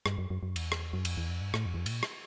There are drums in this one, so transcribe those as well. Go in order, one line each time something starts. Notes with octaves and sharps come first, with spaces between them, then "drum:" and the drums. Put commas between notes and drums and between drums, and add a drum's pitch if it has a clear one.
G2, drum: rim click
F#2
F#2
F#2
E2, drum: cymbal
drum: rim click
F#2
F2, drum: cymbal
E2
F2
G2
A2, drum: rim click
F2
E2
F2
A2, drum: cymbal
A#2
drum: rim click